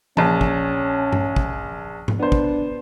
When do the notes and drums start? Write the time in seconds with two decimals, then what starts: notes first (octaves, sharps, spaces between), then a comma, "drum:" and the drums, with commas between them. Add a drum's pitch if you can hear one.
0.17 A#1 C#4 A5, drum: tom E3
0.41 drum: kick
1.13 drum: tom G2
1.36 drum: kick
2.08 drum: tom G#2
2.19 B3 D4 C5
2.32 drum: kick